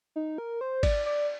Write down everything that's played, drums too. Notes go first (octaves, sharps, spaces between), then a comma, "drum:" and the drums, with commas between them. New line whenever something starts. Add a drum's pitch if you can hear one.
D#4
A#4
C5
D5, drum: kick G#1, cymbal
D5